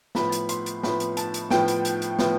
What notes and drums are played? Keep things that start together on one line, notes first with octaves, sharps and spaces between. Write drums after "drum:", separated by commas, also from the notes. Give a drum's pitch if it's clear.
A2 F3 B3 B5, drum: snare
drum: hi-hat
C6, drum: hi-hat
drum: hi-hat
A2 F3 B3 B5, drum: snare
drum: hi-hat
A5, drum: hi-hat
drum: hi-hat
A2 F3 B3 G5, drum: snare
drum: hi-hat
drum: hi-hat
drum: hi-hat
A2 F3 B3, drum: snare